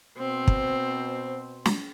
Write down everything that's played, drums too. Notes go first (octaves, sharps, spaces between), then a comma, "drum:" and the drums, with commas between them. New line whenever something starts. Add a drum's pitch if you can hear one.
B2 C4 C5
drum: kick
drum: snare